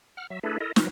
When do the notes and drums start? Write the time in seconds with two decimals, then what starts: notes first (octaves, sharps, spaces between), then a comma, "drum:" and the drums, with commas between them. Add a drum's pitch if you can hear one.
0.17 F#5 F6
0.30 F#3 E5
0.43 A3 D4 E4 G#4 A4 B4
0.60 E4 A4 A#4 D#5
0.76 F3 F#3 A#4 B4, drum: snare